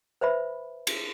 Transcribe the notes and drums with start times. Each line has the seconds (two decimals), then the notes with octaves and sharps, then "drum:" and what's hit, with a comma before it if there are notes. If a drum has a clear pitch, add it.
0.21 B4 C5 E5 B5
0.87 drum: cymbal